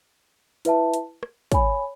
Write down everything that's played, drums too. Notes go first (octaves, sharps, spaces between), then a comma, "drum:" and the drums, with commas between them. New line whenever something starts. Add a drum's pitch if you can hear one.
E4 B4 E5 A5, drum: hi-hat
drum: hi-hat
drum: rim click
C#5 G#5 B5, drum: kick, hi-hat